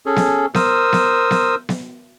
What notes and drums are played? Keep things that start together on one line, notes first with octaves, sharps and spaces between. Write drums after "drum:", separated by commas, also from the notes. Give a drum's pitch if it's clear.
C#4 G#4 A4
drum: snare B3
A#4 C5 D#6 E6, drum: snare B3
drum: snare B3
drum: snare B3
drum: snare B3